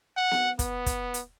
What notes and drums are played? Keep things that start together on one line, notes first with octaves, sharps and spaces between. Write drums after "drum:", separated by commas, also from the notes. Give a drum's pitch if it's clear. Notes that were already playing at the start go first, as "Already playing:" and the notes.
F#5
drum: snare B3
B3, drum: kick, hi-hat
drum: kick, hi-hat
drum: hi-hat